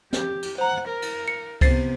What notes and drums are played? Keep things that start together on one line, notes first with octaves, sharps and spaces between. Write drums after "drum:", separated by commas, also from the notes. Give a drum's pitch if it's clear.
G4, drum: snare
drum: cymbal
C5 F#5 A#5
A#4
drum: cymbal
C#7
C3 B3 C5 A6 C7, drum: kick C2, cymbal